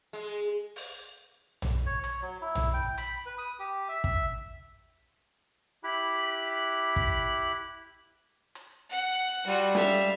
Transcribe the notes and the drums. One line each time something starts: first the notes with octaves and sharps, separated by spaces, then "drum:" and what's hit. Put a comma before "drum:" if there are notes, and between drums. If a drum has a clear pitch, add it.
G#3
drum: open hi-hat
drum: tom
C#5
C#5, drum: hi-hat
F#3
E4
drum: tom
G5
B5, drum: hi-hat
B4
D#6
G4
E5
E5, drum: kick
E4 G4 B5 F#6
drum: kick
drum: hi-hat
F#5
G3 F4 F#4
E5 F5, drum: snare